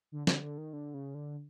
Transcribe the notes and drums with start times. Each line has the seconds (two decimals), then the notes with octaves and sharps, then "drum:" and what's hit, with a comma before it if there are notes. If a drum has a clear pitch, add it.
0.12 D3
0.27 D3, drum: snare
0.42 D3
0.58 D#3
0.73 D3
0.94 C#3
1.15 D3